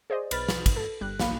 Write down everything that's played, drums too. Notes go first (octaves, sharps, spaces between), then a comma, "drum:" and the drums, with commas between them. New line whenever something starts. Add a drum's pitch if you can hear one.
G#4 C5 D5 D#5
B1 B4 B5 F6 A6, drum: cymbal
drum: snare
drum: kick, cymbal
A4
G1 G3 F#6
B1 A#3 F5 B5, drum: snare